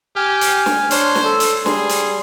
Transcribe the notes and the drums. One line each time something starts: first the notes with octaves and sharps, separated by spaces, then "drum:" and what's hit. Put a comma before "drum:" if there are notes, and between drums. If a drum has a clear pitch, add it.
G4 G#5 F6
drum: hi-hat
drum: snare
D4 C5 C#5, drum: hi-hat
drum: snare
A4
drum: hi-hat
G3 G#4 C6, drum: snare
drum: hi-hat